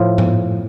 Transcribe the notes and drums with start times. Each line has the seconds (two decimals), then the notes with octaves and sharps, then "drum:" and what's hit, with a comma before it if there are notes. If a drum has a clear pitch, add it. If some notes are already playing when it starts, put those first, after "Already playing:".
Already playing: A2 F3
0.18 drum: tom G#2